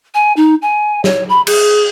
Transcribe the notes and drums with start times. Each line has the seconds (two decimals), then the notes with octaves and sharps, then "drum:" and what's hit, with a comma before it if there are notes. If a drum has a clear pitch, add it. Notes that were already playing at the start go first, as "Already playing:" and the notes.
0.14 G#5
0.37 D#4
0.62 G#5
1.04 C#5, drum: snare
1.29 B5
1.47 G#4, drum: cymbal